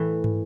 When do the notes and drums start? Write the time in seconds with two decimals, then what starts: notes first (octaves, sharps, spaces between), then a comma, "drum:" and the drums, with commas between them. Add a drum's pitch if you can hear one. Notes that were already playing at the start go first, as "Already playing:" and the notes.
Already playing: A2 E3
0.24 drum: tom